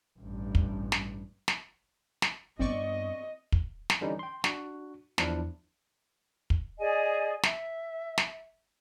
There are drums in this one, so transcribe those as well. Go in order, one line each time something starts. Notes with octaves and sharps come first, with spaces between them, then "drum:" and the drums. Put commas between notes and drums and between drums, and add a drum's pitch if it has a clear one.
A1 G2
drum: kick
drum: snare
drum: snare
drum: snare
G2 B3 C4 D5 D#5 C#6
drum: kick
drum: snare
D3 E3 G3 C#4 D#4
G5 C6
D4 F#4, drum: snare
E2 F3 D4 E4, drum: snare
drum: kick
G#4 D5 D#5 G#5
E5, drum: snare
drum: snare